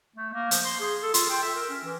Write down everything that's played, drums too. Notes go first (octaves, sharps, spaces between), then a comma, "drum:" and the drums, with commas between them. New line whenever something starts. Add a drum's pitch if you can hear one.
A3
A#3
F3, drum: hi-hat
C6
G#4
A4
F4, drum: hi-hat
G5
E5
A#4
C#4
E3